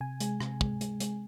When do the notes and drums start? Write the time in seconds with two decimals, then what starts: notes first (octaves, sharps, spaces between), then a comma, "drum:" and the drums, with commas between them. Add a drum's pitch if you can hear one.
0.01 C3 G#5
0.20 G#3, drum: hi-hat
0.41 C3, drum: rim click
0.61 G#3, drum: kick
0.81 G#3, drum: hi-hat
1.00 G#3, drum: hi-hat